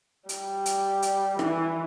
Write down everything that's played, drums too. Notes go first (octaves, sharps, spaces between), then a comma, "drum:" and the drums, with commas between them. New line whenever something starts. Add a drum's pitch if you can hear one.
G3, drum: hi-hat
drum: hi-hat
drum: hi-hat
E3, drum: rim click